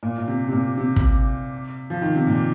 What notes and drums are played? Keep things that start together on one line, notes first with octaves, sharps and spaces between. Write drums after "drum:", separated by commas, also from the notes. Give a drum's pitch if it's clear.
A#2
A#2
C3
C3
A#2
C3
drum: kick
F3
D#3
C3
A#2